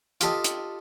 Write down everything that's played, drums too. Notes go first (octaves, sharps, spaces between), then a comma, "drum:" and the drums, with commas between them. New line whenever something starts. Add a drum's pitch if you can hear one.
F4 G4 A4 D#5, drum: hi-hat
drum: hi-hat